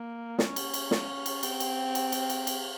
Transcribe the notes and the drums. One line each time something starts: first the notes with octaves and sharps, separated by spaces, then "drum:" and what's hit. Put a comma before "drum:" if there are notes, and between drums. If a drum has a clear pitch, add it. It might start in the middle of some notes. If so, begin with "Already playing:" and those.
Already playing: A#3
C#4, drum: snare
drum: cymbal
drum: cymbal
drum: snare
drum: cymbal
C4, drum: cymbal
drum: cymbal
drum: cymbal
drum: cymbal
drum: cymbal
drum: cymbal